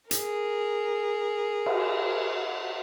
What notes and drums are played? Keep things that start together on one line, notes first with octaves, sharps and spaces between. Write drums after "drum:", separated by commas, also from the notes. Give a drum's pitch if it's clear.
G#4 A#4, drum: hi-hat
drum: cymbal